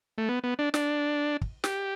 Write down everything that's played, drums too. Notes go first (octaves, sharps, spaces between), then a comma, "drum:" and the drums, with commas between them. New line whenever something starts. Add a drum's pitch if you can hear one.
A3
B3
B3
D4
D4, drum: snare
drum: kick
G4, drum: snare